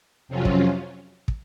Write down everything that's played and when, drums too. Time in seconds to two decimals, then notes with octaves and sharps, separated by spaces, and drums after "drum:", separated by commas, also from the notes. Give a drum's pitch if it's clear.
0.28 F2 C3 F#3 C#4 F4
0.45 drum: kick
1.28 drum: kick